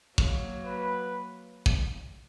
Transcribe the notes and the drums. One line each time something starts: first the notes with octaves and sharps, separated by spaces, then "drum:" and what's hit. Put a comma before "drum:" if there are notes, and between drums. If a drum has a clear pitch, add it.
F#3 A#3, drum: kick
B4
drum: kick